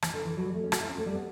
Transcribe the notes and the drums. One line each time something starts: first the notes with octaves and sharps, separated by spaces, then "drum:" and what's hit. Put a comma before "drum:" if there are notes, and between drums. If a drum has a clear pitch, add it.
E3, drum: rim click
D3
E3
F#3
G3
A3
C#4
F#4, drum: rim click
E4
C#4
A3
G3
B3